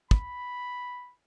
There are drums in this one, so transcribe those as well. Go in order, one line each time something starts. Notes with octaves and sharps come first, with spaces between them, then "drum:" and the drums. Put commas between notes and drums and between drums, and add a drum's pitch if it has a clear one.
B5, drum: kick